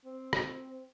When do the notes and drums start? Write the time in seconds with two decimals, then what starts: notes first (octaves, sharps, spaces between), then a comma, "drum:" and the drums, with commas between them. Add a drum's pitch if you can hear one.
0.06 C4
0.33 drum: rim click